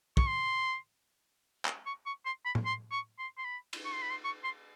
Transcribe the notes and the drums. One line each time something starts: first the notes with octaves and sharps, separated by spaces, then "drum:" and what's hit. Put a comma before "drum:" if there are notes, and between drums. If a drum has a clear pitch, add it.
C#6, drum: kick
C6
drum: clap
C#6
C#6
C6
B5
drum: tom A2
C6
C#6
C6
C6
B5
drum: cymbal
C#6
C6
B5
C6
C#6
C6